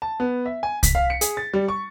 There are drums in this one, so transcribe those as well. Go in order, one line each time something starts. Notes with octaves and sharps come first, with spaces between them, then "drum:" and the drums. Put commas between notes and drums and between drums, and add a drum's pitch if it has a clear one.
A5
B3
E5
G#5
B6, drum: kick C2, hi-hat
F5
C#7
G#4, drum: hi-hat
A6
G3
C#6